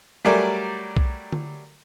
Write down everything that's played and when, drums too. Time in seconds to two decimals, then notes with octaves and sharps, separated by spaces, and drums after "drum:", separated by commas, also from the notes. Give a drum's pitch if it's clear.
0.25 F#3 G3 A3 A#4 D5 G#5
0.97 drum: kick B1
1.32 drum: tom D3